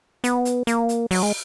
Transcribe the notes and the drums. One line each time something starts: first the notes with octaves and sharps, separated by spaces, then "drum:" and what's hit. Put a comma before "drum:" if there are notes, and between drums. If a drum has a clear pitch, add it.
B3, drum: hi-hat
drum: hi-hat
A#3, drum: hi-hat
drum: hi-hat
F#3, drum: open hi-hat
G#3